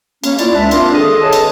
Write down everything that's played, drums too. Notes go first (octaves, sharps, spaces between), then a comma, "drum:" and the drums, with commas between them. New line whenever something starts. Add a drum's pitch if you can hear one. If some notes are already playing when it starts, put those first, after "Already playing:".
A#3 C#4, drum: cymbal
C#4 E4 F4 D5, drum: cymbal
C#2 D4 E5
C4 D4 F4 A#4 F5 C6, drum: cymbal
D#3 G#4 A4 D#5 D#6
G#4 A4 B4 C#5 D#5 A5
drum: cymbal